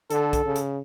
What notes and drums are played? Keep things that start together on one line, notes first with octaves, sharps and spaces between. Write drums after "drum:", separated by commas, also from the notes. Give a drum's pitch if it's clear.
D3 A4, drum: hi-hat
drum: kick, hi-hat
C#3
drum: hi-hat